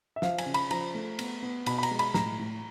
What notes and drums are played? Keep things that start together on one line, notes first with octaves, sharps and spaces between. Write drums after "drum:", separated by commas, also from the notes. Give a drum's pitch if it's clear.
E5
F3 F5, drum: snare
G#5, drum: cymbal
C#3
B5, drum: cymbal
F3 A#5, drum: cymbal
A3
B3, drum: cymbal
B3
B2 B5, drum: cymbal
B5
A#5, drum: cymbal
G#3
B5, drum: cymbal
A2 A#5, drum: snare
A2